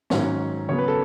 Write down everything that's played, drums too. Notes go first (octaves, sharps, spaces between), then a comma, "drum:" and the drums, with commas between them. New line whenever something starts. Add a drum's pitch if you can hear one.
G#2 D#3 F#3 C#4, drum: snare
C#3 F#3 B3 C#5
B4
A4